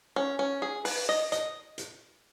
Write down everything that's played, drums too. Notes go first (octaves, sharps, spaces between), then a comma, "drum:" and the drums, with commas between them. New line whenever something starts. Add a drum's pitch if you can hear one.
C#4
C#4
G#4
B4, drum: open hi-hat
D#5
D#5, drum: hi-hat
drum: hi-hat